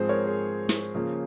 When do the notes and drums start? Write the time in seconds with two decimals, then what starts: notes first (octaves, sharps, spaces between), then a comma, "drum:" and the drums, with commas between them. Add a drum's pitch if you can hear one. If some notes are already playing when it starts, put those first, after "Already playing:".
Already playing: G#2 F3 C4 G#4 C5
0.09 A#4 C#5
0.26 G#4 C5
0.69 drum: snare
0.94 C#3 F3 A#3 C#4